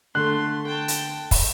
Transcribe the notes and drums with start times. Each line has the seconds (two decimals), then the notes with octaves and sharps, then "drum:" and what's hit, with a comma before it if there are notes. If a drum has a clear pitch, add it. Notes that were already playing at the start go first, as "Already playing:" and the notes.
0.15 D3 A3 C6 F#6
0.67 G5 A5
0.88 drum: hi-hat
1.31 drum: kick, open hi-hat